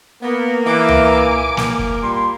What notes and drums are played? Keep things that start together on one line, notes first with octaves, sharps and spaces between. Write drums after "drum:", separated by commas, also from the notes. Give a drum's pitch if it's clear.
A#3 B3
E3 G#5 D6
drum: tom C#2
A#3, drum: snare
drum: kick
A#2 G3 C6